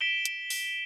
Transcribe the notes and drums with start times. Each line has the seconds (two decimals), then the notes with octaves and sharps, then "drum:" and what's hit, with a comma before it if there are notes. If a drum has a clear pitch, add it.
0.01 B6 D7 E7 G7
0.25 drum: hi-hat
0.50 drum: open hi-hat